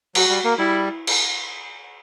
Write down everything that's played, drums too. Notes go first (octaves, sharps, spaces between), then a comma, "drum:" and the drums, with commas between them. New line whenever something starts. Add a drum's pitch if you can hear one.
F#3 F#4, drum: cymbal
G3
A#3
G3 E4
drum: cymbal